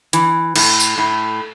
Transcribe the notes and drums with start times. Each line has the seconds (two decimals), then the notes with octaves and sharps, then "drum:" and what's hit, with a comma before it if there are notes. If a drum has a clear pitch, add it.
0.13 E3, drum: hi-hat
0.56 A2, drum: cymbal
0.80 drum: tambourine
0.98 A2